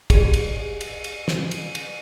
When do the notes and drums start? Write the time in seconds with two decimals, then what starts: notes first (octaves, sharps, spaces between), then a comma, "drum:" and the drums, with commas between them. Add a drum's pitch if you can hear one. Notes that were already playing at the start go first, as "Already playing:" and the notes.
0.10 G4 G#4, drum: kick, cymbal
0.34 drum: cymbal
0.81 drum: cymbal
1.04 drum: cymbal
1.28 drum: snare
1.51 drum: cymbal
1.75 drum: cymbal